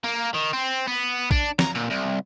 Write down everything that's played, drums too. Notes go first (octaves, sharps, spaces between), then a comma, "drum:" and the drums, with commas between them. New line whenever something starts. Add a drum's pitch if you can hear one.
A#3
D#3
C4
B3
D4, drum: kick
A#5, drum: snare
A#2
C2